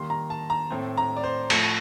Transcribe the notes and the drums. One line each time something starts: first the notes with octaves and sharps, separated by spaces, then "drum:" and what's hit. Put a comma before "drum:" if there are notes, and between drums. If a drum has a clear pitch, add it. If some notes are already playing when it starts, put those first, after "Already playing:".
Already playing: D#3 G3 A#3 C6
A#5
A5
A#5
A2 A3 C4
A#5
D5
C5
A2 F3 A3 A4, drum: cymbal